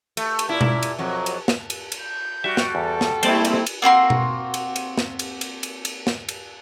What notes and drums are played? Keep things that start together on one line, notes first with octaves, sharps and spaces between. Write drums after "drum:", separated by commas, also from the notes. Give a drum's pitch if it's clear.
A3, drum: cymbal
drum: cymbal
A#2 E4
drum: tom B2
drum: cymbal
F2 F#3
drum: cymbal
drum: snare
drum: cymbal
drum: cymbal
G6
G3 F#4 E5
drum: snare
E2 A4
drum: snare
G3 A3 A#3 C4 E4 C5 D5 A5, drum: cymbal
drum: cymbal
drum: cymbal
A#3 C4 F#4 C6
drum: tom B2
drum: cymbal
drum: cymbal
drum: snare
drum: cymbal
drum: cymbal
drum: cymbal
drum: cymbal
drum: snare
drum: cymbal